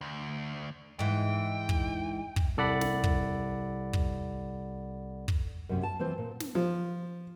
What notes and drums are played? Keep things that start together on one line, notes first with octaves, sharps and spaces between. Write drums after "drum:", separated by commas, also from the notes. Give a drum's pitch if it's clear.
D2
G#2 E3 G5
drum: kick
drum: kick
C2 A4 D5 F#5 B5
drum: snare
drum: kick
drum: kick
drum: kick
F#2 C3 C#4
A5
E3 C4 F4 C5
A#2
drum: snare
F3